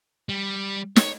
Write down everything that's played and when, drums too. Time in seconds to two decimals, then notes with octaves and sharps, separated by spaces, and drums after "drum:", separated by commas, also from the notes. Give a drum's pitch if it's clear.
0.29 G3
0.96 C#5, drum: snare